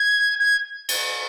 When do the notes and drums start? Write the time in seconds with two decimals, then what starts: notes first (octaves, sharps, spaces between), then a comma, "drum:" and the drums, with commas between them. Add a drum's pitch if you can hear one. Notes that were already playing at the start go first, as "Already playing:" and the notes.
Already playing: G#6
0.39 G#6
0.88 drum: cymbal